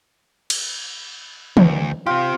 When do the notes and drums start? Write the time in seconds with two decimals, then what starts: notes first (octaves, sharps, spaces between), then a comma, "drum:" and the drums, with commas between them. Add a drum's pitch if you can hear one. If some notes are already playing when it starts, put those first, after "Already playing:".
0.50 drum: cymbal
1.57 D2, drum: tom
2.06 C4 F4 G4